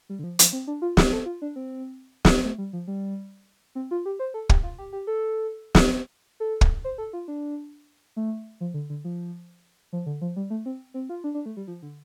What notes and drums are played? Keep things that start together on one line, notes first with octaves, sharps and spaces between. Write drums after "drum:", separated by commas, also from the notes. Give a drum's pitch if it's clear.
G3
D3
F3
F3, drum: hi-hat
C4
D4
F4
G4, drum: snare
A4
F4
D4
C4
drum: snare
A3
G3
F3
G3
C4
F4
G4
C5
A4
G4, drum: kick
F4
G4
G4
A4
drum: snare
A4
drum: kick
C5
A4
F4
D4
A3
F3
D3
D3
F3
F3
D3
F3
G3
A3
C4
C4
F4
D4
D4
A3
G3
F3
D3